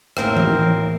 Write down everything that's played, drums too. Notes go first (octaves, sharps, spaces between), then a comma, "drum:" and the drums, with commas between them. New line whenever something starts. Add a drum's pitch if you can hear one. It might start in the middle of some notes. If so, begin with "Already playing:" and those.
A2 A#3 C4 A#4, drum: rim click
drum: tom E3